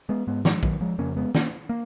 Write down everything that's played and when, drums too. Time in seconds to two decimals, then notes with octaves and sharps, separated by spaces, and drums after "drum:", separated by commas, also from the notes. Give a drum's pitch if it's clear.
0.09 G#3 B3
0.27 G#2 G#3 B3
0.45 F3 G#3, drum: snare
0.63 D#3 F#3, drum: kick
0.81 F3 G#3
0.98 F2 C#3 A#3 C#4
1.16 G#3 B3
1.35 A#3 C#4, drum: snare
1.69 A#3